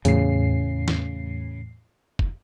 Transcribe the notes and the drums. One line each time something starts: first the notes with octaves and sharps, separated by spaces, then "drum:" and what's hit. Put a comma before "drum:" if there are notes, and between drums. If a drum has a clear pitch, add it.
E2 A2 C#3 C7, drum: hi-hat
drum: snare
drum: kick